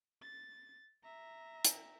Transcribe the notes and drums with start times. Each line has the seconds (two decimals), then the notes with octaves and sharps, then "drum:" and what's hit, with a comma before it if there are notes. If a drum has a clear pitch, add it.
0.22 A6
1.04 E5 A#5
1.65 drum: hi-hat